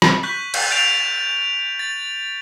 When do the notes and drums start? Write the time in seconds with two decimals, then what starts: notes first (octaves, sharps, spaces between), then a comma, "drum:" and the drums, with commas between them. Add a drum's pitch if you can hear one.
0.02 drum: rim click
0.23 C#6 F#6 G6 B6 F#7
0.54 drum: cymbal
0.71 G6 A6 D7 F7
1.79 A6